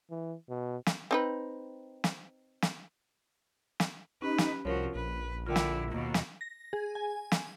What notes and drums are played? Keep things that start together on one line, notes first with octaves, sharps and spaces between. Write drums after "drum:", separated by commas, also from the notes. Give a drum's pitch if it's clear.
E3
B2
drum: snare
C4 D#4 B4
drum: snare
drum: snare
drum: snare
C#4 D#4 G4 B4
drum: snare
C2 F3 F#4 A#4 C#5
A#1 B4
D3 E4 F4 A#4 G5
drum: snare
D#2 B2
drum: snare
A#6
G#4
G#5
drum: snare